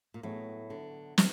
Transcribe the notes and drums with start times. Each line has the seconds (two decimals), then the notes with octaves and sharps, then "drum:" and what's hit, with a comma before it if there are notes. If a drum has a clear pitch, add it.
0.14 A#2
0.23 A2 F#3 B3 E4 G#4
0.70 D3
1.18 D#3 B3, drum: snare